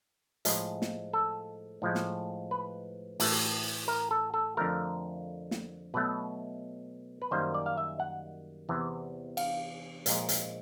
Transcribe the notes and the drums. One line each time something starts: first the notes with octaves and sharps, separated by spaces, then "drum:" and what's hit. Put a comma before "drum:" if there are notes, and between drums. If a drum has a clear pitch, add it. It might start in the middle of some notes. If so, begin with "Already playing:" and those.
A2 F3 G#3, drum: hi-hat
drum: snare
A4
A2 F3 G#3
drum: snare
B4
A2 E3 A3, drum: open hi-hat
A#4
A4
A4
F2 D3 F3 A3 A#4
drum: snare
B2 F#3 A3 B4
B4
F#2 D#3 G3 A#3 C5
D5
F5
E5
F#5
E2 C3 E3
F5, drum: cymbal
A#2 F3 G#3, drum: hi-hat
drum: hi-hat